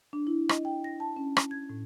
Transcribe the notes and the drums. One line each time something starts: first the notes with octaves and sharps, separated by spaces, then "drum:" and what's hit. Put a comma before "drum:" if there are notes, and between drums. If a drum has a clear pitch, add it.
D4
E4
D#5, drum: rim click
G5
A#6
A5
C#4
drum: rim click
G#6
A2